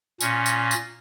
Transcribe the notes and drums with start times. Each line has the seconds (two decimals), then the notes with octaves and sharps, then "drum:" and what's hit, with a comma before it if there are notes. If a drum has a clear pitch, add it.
0.21 A#2 C#4, drum: tambourine
0.46 drum: tambourine
0.71 drum: tambourine